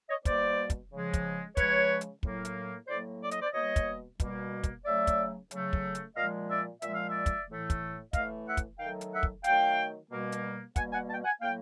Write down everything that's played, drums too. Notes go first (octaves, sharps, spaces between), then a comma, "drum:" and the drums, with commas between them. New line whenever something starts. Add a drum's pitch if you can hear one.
C#5 D#5
B2 G3 A#3 C5 D5, drum: kick, hi-hat
drum: kick, hi-hat
C#3 F3 G#3
drum: kick, hi-hat
C#3 F3 G#3 B4 C#5, drum: kick, hi-hat
drum: hi-hat
A2 F#3 A#3, drum: kick
drum: hi-hat
A2 F#3 A#3 C5 D5
D5
D#5, drum: hi-hat
C5 D5
B2 G3 A#3 C#5 D#5
drum: kick, hi-hat
B2 G3 A#3, drum: kick, hi-hat
drum: kick, hi-hat
C#3 F#3 A3 D5 E5
drum: kick, hi-hat
C#3 F#3 A3, drum: hi-hat
drum: kick
drum: hi-hat
A#2 F3 G#3 D#5 F5
D5 E5
A#2 F3 G#3 E5, drum: hi-hat
F5
D5 E5
drum: kick, hi-hat
A2 E3 A3
drum: kick, hi-hat
A2 E3 A3 D#5 F5, drum: kick, hi-hat
E5 F#5
drum: kick, hi-hat
D#3 F#3 A3 F5 G5
drum: hi-hat
E5 F#5
drum: kick
D#3 F#3 A3 F5 G5, drum: hi-hat
B2 G3 A#3
drum: hi-hat
B2 G3 A#3 F#5 G#5, drum: kick, hi-hat
F#5 G#5
G5 A5
F#5 G#5
A2 F#3 A#3 F5 G5